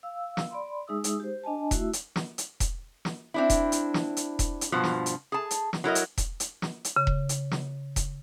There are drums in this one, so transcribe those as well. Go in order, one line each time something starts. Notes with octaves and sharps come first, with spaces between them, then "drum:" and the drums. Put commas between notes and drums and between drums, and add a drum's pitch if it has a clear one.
F5 E6
drum: snare
D5 B5 C6
G#3 D#4 G#4 E5 D#6 E6
drum: hi-hat
G4 C5
D4 D#5 G#5 A5
A3 E4 F#4 E5 E6, drum: kick E1, hi-hat
drum: hi-hat
drum: snare
drum: hi-hat
drum: kick E1, hi-hat
drum: snare
C4 D4 E4
drum: kick E1, hi-hat
drum: hi-hat
drum: snare
drum: hi-hat
drum: kick E1, hi-hat
drum: hi-hat
G2 B2 F3
drum: snare
drum: hi-hat
G#4 A5
drum: hi-hat
drum: snare
F#3 E4 A#4 D#5
drum: hi-hat
drum: kick E1, hi-hat
drum: hi-hat
drum: snare
drum: hi-hat
C#3
drum: kick E1
drum: hi-hat
drum: snare
drum: kick E1, hi-hat